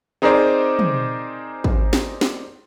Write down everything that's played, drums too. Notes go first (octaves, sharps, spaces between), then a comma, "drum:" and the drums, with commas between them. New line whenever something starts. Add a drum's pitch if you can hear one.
C4 D#4 G#4 A#4 C5 D5
drum: tom
drum: kick
drum: snare
drum: snare